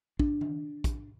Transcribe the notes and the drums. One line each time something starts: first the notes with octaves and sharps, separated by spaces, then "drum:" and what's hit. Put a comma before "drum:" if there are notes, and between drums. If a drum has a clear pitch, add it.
D4, drum: kick
drum: tom D#3
drum: kick, hi-hat